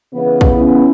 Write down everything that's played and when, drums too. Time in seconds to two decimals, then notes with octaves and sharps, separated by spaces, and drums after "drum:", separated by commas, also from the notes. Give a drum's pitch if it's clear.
0.13 C#3 E3 B3
0.41 drum: kick
0.58 C#4 E4